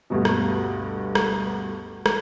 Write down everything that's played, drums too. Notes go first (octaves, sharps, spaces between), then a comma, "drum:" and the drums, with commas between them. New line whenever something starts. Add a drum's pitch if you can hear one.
D2 G2 B2
drum: rim click
drum: rim click
drum: rim click